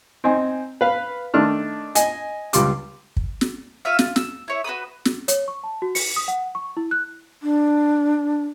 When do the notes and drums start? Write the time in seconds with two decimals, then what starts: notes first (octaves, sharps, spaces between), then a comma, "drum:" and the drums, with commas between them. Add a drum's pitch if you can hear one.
0.24 C4 D#4 G#5
0.81 B4 F5
1.34 D#3 A3 D4 F6
1.95 D#5 G#5, drum: hi-hat
2.53 C#2 G3 F4 D6, drum: hi-hat
3.17 drum: kick
3.41 drum: snare
3.85 F4 C#5 E5 F5
3.99 F4, drum: snare
4.16 E6, drum: snare
4.48 E4 C#5 E5
4.64 F#4 B4 B5 D#6
5.05 drum: snare
5.28 C#5, drum: hi-hat
5.48 C#6
5.64 A5
5.82 F#4
5.95 C#7, drum: open hi-hat
6.16 D#6
6.28 F#5
6.55 C#6
6.77 E4
6.91 F#6
7.43 D4